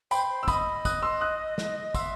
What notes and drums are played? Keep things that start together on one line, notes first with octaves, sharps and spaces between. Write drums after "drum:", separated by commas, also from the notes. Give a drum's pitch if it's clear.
C5 G5 B5, drum: tambourine
C5
E6
D#5 E5 B5 D#6, drum: kick, tambourine
D#6 F#6, drum: kick, tambourine
C6 E6
D#6 F#6
drum: snare
E5 F#5 C6 E6, drum: kick, tambourine